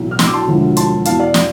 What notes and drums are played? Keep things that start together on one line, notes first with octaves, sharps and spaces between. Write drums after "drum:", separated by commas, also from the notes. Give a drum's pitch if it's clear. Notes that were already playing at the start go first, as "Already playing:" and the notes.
Already playing: B1 A2 E3
F6
C6 E6, drum: snare
D6
A5 C6
E1 D2 D3 F3
A5 C6, drum: hi-hat
E2 B2 F5 A5, drum: hi-hat
D5 F5
drum: snare